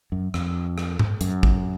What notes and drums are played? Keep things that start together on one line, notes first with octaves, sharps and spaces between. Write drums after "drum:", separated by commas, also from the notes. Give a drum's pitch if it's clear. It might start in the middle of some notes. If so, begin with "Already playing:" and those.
F#2
F2, drum: rim click
drum: rim click
drum: tom G#2
F#2, drum: hi-hat
drum: kick